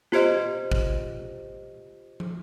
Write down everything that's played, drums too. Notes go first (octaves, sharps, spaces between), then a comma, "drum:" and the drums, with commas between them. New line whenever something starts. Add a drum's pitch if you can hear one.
F4 G4 C5 D#5, drum: snare
drum: kick G#1
drum: tom